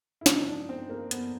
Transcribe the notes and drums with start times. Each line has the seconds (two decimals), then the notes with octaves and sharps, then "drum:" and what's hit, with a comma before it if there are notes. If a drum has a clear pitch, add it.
0.21 E4
0.26 C#3 F3 G#3 D#4, drum: snare
0.48 D4
0.69 C4
0.90 A#3
1.11 B3, drum: hi-hat